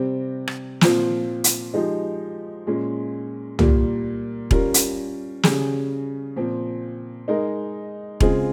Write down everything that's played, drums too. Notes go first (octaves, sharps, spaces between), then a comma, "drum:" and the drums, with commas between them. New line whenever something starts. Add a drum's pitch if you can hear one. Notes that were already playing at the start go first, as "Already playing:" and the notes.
Already playing: C3 G3 C4
drum: rim click
A#2 F3 C4 F4, drum: snare
drum: hi-hat
F3 G#3 D#4 G4
A#2 G#3 C#4
A#2 G3 A#3, drum: tom
G3 C#4 F4 A#4, drum: kick E1
drum: hi-hat
C#3 G3 C#4 G#4, drum: snare
A#2 F3 C4
G#3 D#4 A#4
C#3 G#3 C4 F4 G#4, drum: kick E1